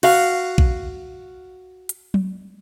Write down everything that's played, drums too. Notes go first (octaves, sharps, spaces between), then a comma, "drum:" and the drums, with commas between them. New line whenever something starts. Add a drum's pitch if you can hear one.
F#4 F5, drum: cymbal
drum: kick A#1
drum: hi-hat
drum: tom F#3